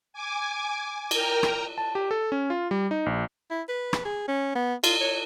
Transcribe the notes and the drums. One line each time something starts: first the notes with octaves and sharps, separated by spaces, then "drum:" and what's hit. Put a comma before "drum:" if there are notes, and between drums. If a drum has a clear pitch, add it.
G#5 D6
A#4 G5 A#5, drum: cymbal
drum: rim click
A5
G4
A4
C#4
F4
G3
D#4
A#1
E4
B4
drum: rim click
G#4
C#4
B3
F4, drum: cymbal
C#5